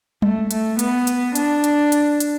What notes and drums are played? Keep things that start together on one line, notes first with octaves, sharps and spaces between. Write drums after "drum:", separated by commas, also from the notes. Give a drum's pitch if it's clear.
A3, drum: tom G3
A3, drum: hi-hat
B3, drum: hi-hat
drum: hi-hat
D4, drum: hi-hat
drum: hi-hat
drum: hi-hat
drum: hi-hat